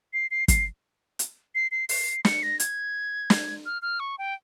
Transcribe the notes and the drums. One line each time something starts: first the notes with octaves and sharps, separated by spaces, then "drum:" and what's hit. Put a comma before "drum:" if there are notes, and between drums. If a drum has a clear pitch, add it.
C7
C7
C7, drum: kick, hi-hat
drum: hi-hat
C7
C7
C7, drum: open hi-hat
C#7, drum: snare
A#6
G#6, drum: hi-hat
drum: snare
F6
F6
C#6
G5